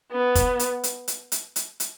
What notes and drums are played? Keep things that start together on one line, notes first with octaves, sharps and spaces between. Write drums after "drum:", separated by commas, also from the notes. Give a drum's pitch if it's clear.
B3
drum: kick, hi-hat
drum: hi-hat
drum: hi-hat
drum: hi-hat
drum: hi-hat
drum: hi-hat
drum: hi-hat